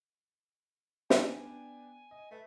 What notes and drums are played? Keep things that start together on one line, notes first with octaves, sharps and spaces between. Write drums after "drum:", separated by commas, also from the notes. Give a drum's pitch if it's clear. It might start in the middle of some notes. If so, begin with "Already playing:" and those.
B3 D4 G5 G#5, drum: snare
D#5
A3 B4